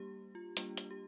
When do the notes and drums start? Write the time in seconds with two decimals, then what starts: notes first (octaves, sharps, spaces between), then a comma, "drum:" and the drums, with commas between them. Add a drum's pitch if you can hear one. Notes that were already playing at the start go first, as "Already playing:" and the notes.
Already playing: G3 A#3 D4 G4
0.35 F4
0.57 G3 A#3 D4 F4, drum: hi-hat
0.77 drum: hi-hat
0.91 G4